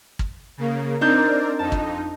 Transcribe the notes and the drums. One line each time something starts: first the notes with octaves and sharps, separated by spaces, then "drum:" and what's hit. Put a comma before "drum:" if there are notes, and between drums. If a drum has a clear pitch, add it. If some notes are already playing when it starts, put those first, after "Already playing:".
drum: kick
C#3 A#3
C4 D4 D#4 A#4 D5 G6
F2 D#4 A5
drum: kick